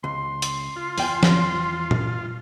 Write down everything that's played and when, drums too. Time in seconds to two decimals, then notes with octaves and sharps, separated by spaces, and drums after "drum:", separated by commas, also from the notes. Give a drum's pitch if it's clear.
0.04 C#2 C6
0.42 drum: hi-hat
0.76 F4
0.98 E2 G5 G#5, drum: open hi-hat
1.23 drum: snare
1.91 drum: tom A#2